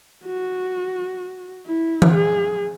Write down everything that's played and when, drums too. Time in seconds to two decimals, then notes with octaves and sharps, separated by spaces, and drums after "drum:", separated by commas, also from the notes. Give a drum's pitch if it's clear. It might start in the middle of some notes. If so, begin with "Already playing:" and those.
0.25 F#4
1.67 E4
2.02 drum: tom E3
2.14 G#4